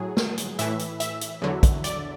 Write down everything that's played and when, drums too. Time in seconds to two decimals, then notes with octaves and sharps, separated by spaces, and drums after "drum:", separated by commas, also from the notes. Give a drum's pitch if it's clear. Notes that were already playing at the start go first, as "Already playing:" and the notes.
Already playing: A2 F#3 G#4
0.17 drum: snare
0.38 drum: hi-hat
0.59 A2 E3 E5, drum: hi-hat
0.79 drum: hi-hat
1.00 E5, drum: hi-hat
1.21 drum: hi-hat
1.42 E2 D3 F#3
1.63 drum: kick, hi-hat
1.84 D5, drum: hi-hat